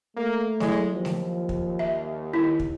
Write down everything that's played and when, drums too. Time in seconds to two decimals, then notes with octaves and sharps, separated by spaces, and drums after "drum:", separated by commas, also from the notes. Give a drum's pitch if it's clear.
0.16 A3 A#3
0.60 F#3 G#3 E4, drum: snare A3
0.92 D#2 F3
1.05 drum: snare A3
1.49 drum: kick
1.79 E5
2.34 D#3 E4
2.60 drum: kick